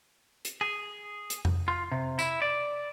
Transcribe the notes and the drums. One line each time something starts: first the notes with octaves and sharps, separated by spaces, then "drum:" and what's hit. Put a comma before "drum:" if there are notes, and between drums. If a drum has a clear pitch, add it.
drum: hi-hat
G#4
drum: hi-hat
drum: tom F2
F4
C3
E4, drum: tambourine
D5